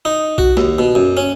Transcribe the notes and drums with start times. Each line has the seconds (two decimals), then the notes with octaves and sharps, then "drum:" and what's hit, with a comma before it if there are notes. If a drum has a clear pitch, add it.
0.05 D#4
0.38 F#4, drum: kick B1
0.57 D#2, drum: snare
0.79 B2
0.95 F#2
1.17 C#4